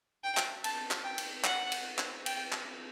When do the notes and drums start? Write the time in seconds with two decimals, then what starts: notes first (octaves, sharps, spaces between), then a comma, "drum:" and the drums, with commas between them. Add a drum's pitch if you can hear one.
0.24 G5
0.37 drum: clap
0.64 A5, drum: cymbal
0.91 drum: clap
1.04 G5
1.18 drum: cymbal
1.44 F#5, drum: clap
1.72 drum: cymbal
1.99 drum: clap
2.26 G5, drum: cymbal
2.52 drum: clap